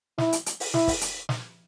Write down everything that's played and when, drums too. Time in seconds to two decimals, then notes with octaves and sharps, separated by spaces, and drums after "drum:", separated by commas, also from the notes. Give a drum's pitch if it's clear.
0.18 E4, drum: snare
0.33 drum: hi-hat
0.46 drum: hi-hat
0.60 drum: open hi-hat
0.74 E4, drum: snare
0.88 drum: kick, open hi-hat
1.01 drum: hi-hat
1.29 drum: snare